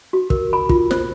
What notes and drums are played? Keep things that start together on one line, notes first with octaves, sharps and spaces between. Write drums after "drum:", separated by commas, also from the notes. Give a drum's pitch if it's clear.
F#4
A#4, drum: kick
B5
F4, drum: kick
C5, drum: snare